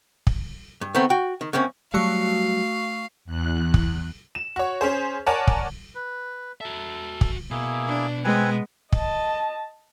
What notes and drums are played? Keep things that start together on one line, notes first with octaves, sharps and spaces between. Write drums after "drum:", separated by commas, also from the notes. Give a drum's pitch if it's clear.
drum: kick
G2
D#3 A3 B3 C4
F#4 G5
D#3
F#2 A#3 C4 C#4
F#3 G3 A3 F#4 F5 C#6
E2 F#6
drum: kick
E7
F#4 C#5
C#4 G#4 C5
A#4 C#5 D5 F#5 G#5 A5
drum: kick
B4
F#4 A4 E5
drum: kick
B2 A#3 E4 G#4
D4
G#3 B3 C4 B4 G#5
D#5 A5, drum: kick